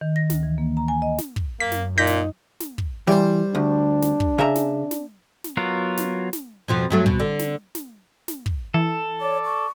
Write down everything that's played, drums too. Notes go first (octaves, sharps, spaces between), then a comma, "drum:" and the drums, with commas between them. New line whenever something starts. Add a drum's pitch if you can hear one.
D#3
A#6
D2, drum: snare
E3
A#3
A#5
G#5
D#5
drum: snare
drum: kick
F#2 A#3 B6
drum: snare
A#2 D#4 G6 A#6 B6
drum: snare
drum: snare
drum: kick
E3 G3 C5
D2 D4
drum: snare
drum: kick
C#3 E5 A#5
drum: snare
drum: snare
drum: snare
F#3 B3 F4 F#4 A#4
drum: snare
drum: snare
F2 B2 F3
G2 F#3 A3
B2, drum: kick
D3
drum: snare
drum: snare
drum: snare
drum: kick
E3 A4
C#5 D5
C#6